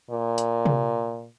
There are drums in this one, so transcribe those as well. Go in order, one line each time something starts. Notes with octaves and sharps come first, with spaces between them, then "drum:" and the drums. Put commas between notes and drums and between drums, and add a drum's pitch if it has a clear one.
A#2
drum: hi-hat
drum: tom C3